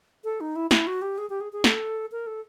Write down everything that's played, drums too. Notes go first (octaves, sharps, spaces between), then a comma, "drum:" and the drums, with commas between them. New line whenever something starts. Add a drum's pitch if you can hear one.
A4
D#4
E4
E4, drum: snare
F#4
G4
G#4
G4
G#4
G#4
A4, drum: snare
A#4
A4